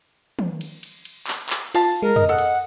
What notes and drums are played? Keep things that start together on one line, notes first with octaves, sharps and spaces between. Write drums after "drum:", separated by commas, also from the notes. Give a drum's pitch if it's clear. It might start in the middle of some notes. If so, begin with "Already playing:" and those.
drum: tom
drum: cymbal
drum: cymbal
drum: cymbal
drum: clap
drum: clap
F4 F5 A5, drum: cymbal
G#3 A#4
D#5, drum: tom
A4 F#5
drum: cymbal